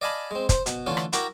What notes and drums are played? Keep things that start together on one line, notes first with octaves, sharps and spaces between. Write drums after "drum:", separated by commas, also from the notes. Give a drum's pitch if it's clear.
D5 D#5 F5 G#5 A5 B5
G#3 C4
C5, drum: kick, hi-hat
B2, drum: hi-hat
D3 E3 A3 C#4 F4
drum: rim click
E4 F#4 A#4 G5 A#5 D6, drum: hi-hat